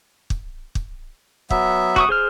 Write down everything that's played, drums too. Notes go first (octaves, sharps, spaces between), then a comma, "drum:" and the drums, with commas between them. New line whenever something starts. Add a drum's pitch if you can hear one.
drum: kick
drum: kick
F#3 B3 E5, drum: kick
F#4 C#6 D#6, drum: kick
G#4 C5 F6